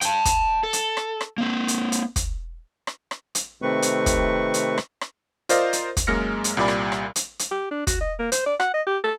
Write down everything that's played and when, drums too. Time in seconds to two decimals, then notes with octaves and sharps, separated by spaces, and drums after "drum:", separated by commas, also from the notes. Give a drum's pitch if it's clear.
0.01 G5 A5, drum: hi-hat
0.25 drum: kick, hi-hat
0.63 A4
0.73 drum: hi-hat
0.97 drum: rim click
1.21 drum: rim click
1.38 A#3 C4
1.68 drum: hi-hat
1.92 drum: hi-hat
2.16 drum: kick, hi-hat
2.87 drum: rim click
3.11 drum: rim click
3.35 drum: hi-hat
3.62 C3 D#3 A3 C4 B4 C#6
3.82 drum: hi-hat
4.06 drum: kick, hi-hat
4.54 drum: hi-hat
4.78 drum: rim click
5.01 drum: rim click
5.49 F4 A#4 C5 D5 D#5 F5, drum: hi-hat
5.73 drum: hi-hat
5.97 drum: kick, hi-hat
6.07 F#2 G#3 A#3 F6 A#6 C#7
6.44 drum: hi-hat
6.57 C2 A#2 G3 D5 B5
6.68 drum: rim click
6.92 drum: rim click
7.16 drum: hi-hat
7.39 drum: hi-hat
7.52 G4
7.71 D4
7.87 F#4, drum: kick, hi-hat
8.01 D#5
8.19 A#3
8.32 C5, drum: hi-hat
8.46 D5
8.60 F#5, drum: rim click
8.74 D#5
8.87 G4
9.04 A4